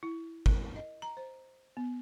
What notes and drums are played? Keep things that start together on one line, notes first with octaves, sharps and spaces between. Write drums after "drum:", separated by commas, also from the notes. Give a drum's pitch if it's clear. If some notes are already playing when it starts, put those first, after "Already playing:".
E4
A#4, drum: kick
D#5
A#5
C5
B3